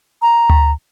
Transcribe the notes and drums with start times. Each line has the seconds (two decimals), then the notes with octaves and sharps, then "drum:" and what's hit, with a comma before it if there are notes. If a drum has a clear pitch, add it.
0.22 A#5
0.50 drum: tom D2